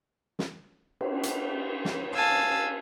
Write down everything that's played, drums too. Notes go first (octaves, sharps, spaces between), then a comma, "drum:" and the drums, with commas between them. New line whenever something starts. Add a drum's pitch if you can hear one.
drum: snare
drum: cymbal
drum: hi-hat
drum: snare
F5 G#5 A5 E6